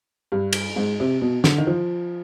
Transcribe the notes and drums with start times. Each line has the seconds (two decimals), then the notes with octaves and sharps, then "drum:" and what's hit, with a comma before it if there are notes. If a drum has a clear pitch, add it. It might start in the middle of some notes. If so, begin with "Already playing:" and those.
0.32 G2
0.53 drum: cymbal
0.76 G#2
1.00 C3
1.22 B2
1.44 D3, drum: snare
1.58 D#3
1.67 F3